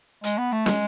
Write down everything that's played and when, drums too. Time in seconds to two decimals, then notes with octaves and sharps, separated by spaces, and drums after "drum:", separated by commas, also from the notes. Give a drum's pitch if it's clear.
0.24 G#3, drum: hi-hat
0.38 B3
0.52 A3
0.66 G#3, drum: snare